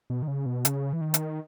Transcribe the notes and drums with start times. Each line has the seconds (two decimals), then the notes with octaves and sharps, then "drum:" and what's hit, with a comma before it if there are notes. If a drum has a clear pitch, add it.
0.10 B2
0.22 D#3
0.28 C#3
0.46 B2
0.65 C#3, drum: hi-hat
0.93 E3
1.01 D#3
1.14 drum: hi-hat